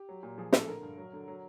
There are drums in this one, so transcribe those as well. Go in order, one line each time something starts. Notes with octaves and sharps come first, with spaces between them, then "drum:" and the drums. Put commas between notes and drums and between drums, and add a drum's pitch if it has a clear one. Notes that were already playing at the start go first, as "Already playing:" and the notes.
Already playing: G4
F#3
A#2
F3 G#4
A2 A4, drum: snare
D3 A#4
G2
F#3
D3
F#3